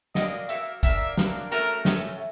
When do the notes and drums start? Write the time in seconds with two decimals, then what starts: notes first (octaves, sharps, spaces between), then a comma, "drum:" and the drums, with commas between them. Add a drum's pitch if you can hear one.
0.15 A#3 D4 F#4 A#4 D#5, drum: snare
0.49 A#3 D4 F#4 A#4 E5, drum: hi-hat
0.83 A#3 D4 F#4 A#4 E5, drum: kick, hi-hat
1.17 A#3 D4 F#4 A#4, drum: snare
1.52 A3 C#4 F#4 A4 A#4, drum: hi-hat
1.85 A3 C#4 F#4 A4, drum: snare